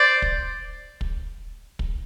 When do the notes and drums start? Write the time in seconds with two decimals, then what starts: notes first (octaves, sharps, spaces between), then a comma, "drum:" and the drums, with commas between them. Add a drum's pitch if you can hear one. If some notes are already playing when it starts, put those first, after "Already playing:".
Already playing: C5 D5
0.22 drum: kick
1.01 drum: kick
1.79 drum: kick